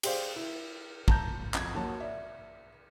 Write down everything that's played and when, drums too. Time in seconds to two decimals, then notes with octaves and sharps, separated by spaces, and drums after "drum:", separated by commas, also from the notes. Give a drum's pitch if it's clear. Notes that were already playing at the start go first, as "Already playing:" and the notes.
0.03 G4 G#4 C5 D5 F5, drum: cymbal
0.36 E4
1.08 A5 A#5 G6, drum: kick
1.54 F2 G#6, drum: clap
1.75 D#2 F#3 A5
2.00 D5 E5